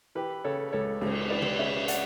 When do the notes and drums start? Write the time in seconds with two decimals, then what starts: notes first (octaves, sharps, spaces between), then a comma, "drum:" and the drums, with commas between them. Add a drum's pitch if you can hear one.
0.15 E3 G4 B4
0.44 C#3 A4 C#5
0.73 C#2 A4 C#5
1.01 C#2, drum: cymbal
1.30 E3 B4 D5
1.42 drum: tom
1.58 C#3 C#5 E5
1.88 D5 F#5, drum: hi-hat